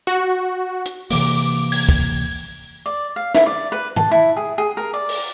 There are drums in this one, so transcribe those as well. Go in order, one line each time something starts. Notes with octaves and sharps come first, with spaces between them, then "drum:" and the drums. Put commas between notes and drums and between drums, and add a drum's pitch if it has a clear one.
F#4
drum: hi-hat
C3 E3 A#3 D6, drum: open hi-hat
G#6, drum: open hi-hat
drum: kick
D5
F5
E4, drum: snare
D5
B4
A5, drum: tom G#2
E4
G#4
G#4
A#4
D5
drum: open hi-hat